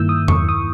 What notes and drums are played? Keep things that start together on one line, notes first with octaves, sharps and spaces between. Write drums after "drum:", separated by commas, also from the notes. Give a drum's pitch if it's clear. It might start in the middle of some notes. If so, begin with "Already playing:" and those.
Already playing: G2 D#3 A#3 E4 E6 G6
D#6
C#6, drum: tom E2
D#6